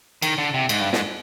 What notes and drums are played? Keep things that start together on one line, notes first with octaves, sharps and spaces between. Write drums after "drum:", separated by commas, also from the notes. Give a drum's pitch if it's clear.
D#3, drum: cymbal
D3
C3
G#2, drum: cymbal
G2
G#2, drum: snare